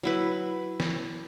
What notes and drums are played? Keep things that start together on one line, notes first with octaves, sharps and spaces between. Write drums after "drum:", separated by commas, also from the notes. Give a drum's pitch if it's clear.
F#3 E4 B4
drum: snare